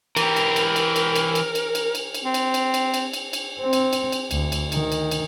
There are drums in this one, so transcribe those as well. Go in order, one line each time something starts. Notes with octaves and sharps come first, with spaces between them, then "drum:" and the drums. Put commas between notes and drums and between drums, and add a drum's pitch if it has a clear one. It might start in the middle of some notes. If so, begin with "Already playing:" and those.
E3 G4 A#4, drum: cymbal
drum: cymbal
drum: cymbal
drum: cymbal
drum: cymbal
drum: cymbal
drum: cymbal
drum: cymbal
drum: cymbal
drum: cymbal
drum: cymbal
C4
drum: cymbal
drum: cymbal
drum: cymbal
drum: cymbal
drum: cymbal
drum: cymbal
C4
drum: cymbal
drum: cymbal
drum: cymbal
D2, drum: cymbal
drum: cymbal
D#3, drum: cymbal
drum: cymbal
drum: cymbal